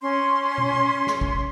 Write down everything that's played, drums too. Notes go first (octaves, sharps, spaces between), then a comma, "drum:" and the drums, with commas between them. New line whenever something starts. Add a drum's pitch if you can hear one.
C#4 C6
drum: tom B2
drum: snare
drum: kick